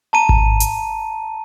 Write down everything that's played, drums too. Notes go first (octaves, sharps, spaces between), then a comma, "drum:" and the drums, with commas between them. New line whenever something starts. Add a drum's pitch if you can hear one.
A5 A#5 D#7
drum: kick G#1
drum: hi-hat